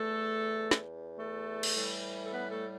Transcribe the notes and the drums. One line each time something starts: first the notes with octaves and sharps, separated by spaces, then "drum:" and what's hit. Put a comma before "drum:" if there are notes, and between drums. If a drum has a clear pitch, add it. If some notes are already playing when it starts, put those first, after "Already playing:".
Already playing: E2 A3 A4
drum: snare
A3 A4
drum: cymbal
A2 E3 G3
A4
B3 B4
A3 A4